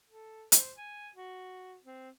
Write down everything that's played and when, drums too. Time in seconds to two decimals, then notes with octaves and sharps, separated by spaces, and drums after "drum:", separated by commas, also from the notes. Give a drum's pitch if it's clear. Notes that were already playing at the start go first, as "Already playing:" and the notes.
0.09 A4
0.52 C5, drum: hi-hat
0.77 G#5
1.15 F#4
1.85 C4